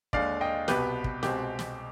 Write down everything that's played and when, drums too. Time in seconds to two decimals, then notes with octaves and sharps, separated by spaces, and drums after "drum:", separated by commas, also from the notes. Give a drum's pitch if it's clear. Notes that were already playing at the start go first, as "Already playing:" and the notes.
0.13 D#2 D3 G#3 D5 F5, drum: kick
0.41 D#5 G5
0.68 C2 B2 B3 G4 B4, drum: snare
1.04 drum: kick
1.23 C2 B2 G#3 C4 G4, drum: snare
1.59 drum: snare